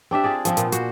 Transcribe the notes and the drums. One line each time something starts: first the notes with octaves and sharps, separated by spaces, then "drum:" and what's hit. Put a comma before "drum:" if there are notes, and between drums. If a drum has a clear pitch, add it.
C4 D4 G4 E5
F4 G#4 D5
F3 C4 F4, drum: hi-hat
A#2 B3, drum: hi-hat
F#4 C5, drum: hi-hat